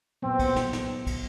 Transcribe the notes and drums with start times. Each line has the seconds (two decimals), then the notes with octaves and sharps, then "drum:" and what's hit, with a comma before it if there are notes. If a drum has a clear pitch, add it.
0.22 A#2 F#3 B3 C4
0.39 drum: kick, cymbal
0.56 drum: snare
0.73 drum: snare
1.07 drum: kick, cymbal